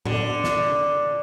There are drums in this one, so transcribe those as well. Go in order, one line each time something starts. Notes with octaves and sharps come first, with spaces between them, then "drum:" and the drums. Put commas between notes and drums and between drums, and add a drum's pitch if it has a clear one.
D3, drum: tom A2
drum: snare